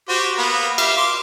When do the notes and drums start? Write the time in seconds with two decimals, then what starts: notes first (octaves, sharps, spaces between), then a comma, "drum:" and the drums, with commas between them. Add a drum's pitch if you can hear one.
0.09 F#4 G4 C5
0.37 A#3 B3 B4
0.78 G4 E5 F5, drum: cymbal
0.97 C6 D6